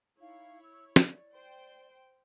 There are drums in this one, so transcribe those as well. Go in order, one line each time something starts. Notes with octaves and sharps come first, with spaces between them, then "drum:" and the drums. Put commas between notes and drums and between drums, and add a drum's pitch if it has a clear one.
D#4 E4 C#5 F5
E6
D5, drum: snare
C5 G5